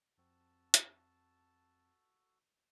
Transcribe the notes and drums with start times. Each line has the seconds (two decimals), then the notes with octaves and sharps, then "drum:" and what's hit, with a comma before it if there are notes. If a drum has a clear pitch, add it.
0.18 F2 C4 F#4 A4 A5
0.74 drum: hi-hat